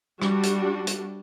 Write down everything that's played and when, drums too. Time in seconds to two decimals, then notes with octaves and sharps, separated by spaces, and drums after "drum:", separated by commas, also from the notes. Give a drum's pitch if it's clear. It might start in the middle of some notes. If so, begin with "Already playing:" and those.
0.22 G3 D4 F#4, drum: rim click
0.43 drum: hi-hat
0.87 drum: hi-hat